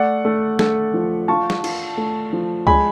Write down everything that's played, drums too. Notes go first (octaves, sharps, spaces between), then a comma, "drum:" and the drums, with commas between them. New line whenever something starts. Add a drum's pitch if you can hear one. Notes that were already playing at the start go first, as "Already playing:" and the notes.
Already playing: A3 D5 F#5
A3
A3, drum: snare
F3
F4 A5 C#6
drum: snare
F4, drum: cymbal
A3
F3
G#3 G#5 B5, drum: kick C#2